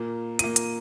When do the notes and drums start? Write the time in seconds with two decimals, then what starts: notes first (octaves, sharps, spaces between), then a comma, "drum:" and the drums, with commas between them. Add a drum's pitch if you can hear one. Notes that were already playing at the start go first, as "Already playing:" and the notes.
Already playing: A#2 A#3
0.39 A#2 A#3 D#7, drum: hi-hat
0.56 drum: hi-hat